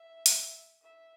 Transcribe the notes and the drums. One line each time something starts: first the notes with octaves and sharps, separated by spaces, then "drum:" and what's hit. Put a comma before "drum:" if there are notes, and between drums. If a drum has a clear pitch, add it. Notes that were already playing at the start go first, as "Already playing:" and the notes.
Already playing: E5
drum: hi-hat
E5